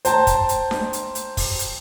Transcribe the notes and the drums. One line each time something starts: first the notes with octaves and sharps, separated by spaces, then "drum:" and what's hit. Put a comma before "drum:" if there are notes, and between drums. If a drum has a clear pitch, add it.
C5 G5 A5 A#5, drum: hi-hat
drum: kick, hi-hat
drum: hi-hat
drum: snare D4
drum: hi-hat
drum: hi-hat
drum: kick, open hi-hat
drum: hi-hat